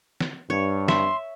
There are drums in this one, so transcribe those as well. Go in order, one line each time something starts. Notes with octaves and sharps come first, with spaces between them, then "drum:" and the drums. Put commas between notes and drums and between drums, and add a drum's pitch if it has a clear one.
drum: snare
G2 C#5
E5 C6, drum: snare